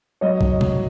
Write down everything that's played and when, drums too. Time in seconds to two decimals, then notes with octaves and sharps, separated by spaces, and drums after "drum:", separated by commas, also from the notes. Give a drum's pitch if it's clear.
0.21 F#3 C#5 D#5
0.41 F#3, drum: kick B1
0.61 F#3, drum: tom C3